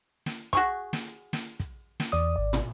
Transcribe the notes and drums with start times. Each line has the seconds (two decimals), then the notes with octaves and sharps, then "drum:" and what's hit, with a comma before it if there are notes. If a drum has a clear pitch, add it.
0.26 drum: snare
0.53 F#4 G#4 C#6, drum: kick, hi-hat
0.93 drum: snare
1.06 drum: hi-hat
1.33 drum: snare
1.60 drum: kick, hi-hat
2.00 drum: snare
2.12 E2 D5 D#6, drum: hi-hat
2.36 G#1 D5
2.53 drum: tom